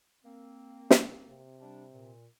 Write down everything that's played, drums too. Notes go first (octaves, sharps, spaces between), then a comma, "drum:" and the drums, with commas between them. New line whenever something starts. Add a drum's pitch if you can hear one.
A#3 C4
drum: snare
C3
G3 D4
A#2